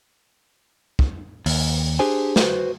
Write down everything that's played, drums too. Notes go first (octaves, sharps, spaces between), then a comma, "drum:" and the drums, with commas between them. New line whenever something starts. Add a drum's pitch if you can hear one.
drum: kick
D#2, drum: open hi-hat
D4 G4 G#4 C5 G#5
F#4 B4 C5, drum: snare